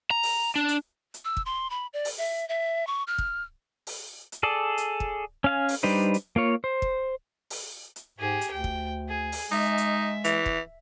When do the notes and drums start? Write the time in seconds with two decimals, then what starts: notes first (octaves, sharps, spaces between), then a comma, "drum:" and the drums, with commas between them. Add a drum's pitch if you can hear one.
0.11 A#5
0.23 drum: open hi-hat
0.56 D4
0.68 drum: hi-hat
1.14 drum: hi-hat
1.25 E6
1.37 drum: kick
1.46 C6
1.70 B5
1.93 D5
2.05 drum: open hi-hat
2.18 E5
2.49 E5
2.87 C#6
3.07 F6
3.18 drum: kick
3.87 drum: open hi-hat
4.32 drum: hi-hat
4.43 G#4 A4 D5
4.78 drum: hi-hat
5.00 drum: kick
5.44 C#4 F5 G#5
5.68 drum: open hi-hat
5.83 G3 D4 D#4 B4 C5
6.14 drum: hi-hat
6.36 A#3 F4 C#5
6.64 C5
6.82 drum: kick
7.50 drum: open hi-hat
7.96 drum: hi-hat
8.19 G#2 G4 G#4
8.41 drum: hi-hat
8.51 D2 G5
8.64 drum: kick
9.09 G#4
9.32 drum: open hi-hat
9.51 G#3 D#4 E5
9.78 drum: hi-hat
10.24 E3, drum: hi-hat
10.46 drum: kick